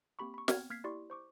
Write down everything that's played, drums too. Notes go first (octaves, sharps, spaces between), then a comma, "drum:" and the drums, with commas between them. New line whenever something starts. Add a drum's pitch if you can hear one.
A#3 C4 G4 B5 C#6
B5 C#6
B3 C4 G5 F6 G#6, drum: snare
A#3 F6 G#6 B6 C7
E4 G4 D5 C6 C#6
C5 C#6 D6